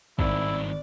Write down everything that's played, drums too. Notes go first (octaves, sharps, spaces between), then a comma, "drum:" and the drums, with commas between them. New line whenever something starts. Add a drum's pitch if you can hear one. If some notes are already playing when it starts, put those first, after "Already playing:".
G#1 G2 D#3 E4 D5, drum: kick